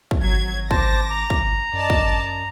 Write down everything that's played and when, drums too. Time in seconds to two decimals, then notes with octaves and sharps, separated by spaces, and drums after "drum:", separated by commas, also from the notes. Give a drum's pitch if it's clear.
0.11 drum: kick
0.21 G#1 F#3 G#6
0.71 C5 A5 D6 A#6, drum: kick
1.10 A#5
1.30 drum: kick
1.73 F#2 D5 D#5 A5
1.90 drum: kick